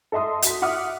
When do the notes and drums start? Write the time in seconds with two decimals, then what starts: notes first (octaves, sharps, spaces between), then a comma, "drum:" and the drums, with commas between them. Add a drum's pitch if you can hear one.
0.12 A4 D#5 E5 C6 D#6
0.42 F#4 B6, drum: hi-hat
0.62 E5 F#5 D6 D#6 F6